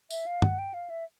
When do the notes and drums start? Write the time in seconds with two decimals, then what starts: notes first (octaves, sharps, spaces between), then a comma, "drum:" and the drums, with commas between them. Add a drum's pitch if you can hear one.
0.10 E5, drum: tambourine
0.26 F5
0.42 F#5, drum: tom
0.59 G5
0.74 F5
0.90 E5